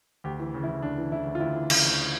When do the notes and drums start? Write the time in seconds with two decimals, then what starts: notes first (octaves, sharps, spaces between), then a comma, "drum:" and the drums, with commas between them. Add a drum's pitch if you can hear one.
0.24 D2 G4
0.39 E3
0.54 C#3
0.63 E4
0.67 D2
0.82 D2 D4
0.98 E3
1.12 C#3 E4
1.27 D2
1.35 F4
1.40 D2 E4
1.56 E3
1.70 C#3, drum: cymbal
1.85 D2